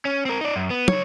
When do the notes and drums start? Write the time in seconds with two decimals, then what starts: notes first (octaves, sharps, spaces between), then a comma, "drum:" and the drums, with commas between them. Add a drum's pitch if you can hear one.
0.05 C#4
0.25 C4 A#4
0.41 D#4 D5
0.56 F#2
0.70 B3
0.88 C#2 C#5, drum: tom